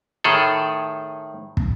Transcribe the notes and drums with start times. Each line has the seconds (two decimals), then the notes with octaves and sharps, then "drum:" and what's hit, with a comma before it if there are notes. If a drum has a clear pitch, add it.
0.24 A2 D#3 G#4 A4
1.57 drum: kick